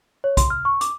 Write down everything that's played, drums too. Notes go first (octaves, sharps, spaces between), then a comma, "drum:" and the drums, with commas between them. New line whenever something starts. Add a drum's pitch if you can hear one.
C#5
C6, drum: kick B1, hi-hat
F6
C#6
D6, drum: hi-hat